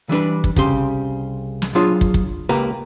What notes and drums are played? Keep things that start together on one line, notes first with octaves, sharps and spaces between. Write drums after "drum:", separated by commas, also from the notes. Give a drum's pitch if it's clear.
E3 G3 D4 B4
drum: kick
C2 C#3 G4 C6, drum: kick
drum: snare
F#3 D4 F4 G#4 C#5
drum: kick
drum: kick
C#2 A#3 G4 B4 G5 A#5